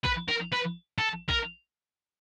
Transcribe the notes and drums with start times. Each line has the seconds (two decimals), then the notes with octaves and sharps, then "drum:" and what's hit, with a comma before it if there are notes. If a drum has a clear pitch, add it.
0.05 B4, drum: kick A#1
0.29 A#4
0.52 B4
0.98 A4
1.29 A#4, drum: kick A#1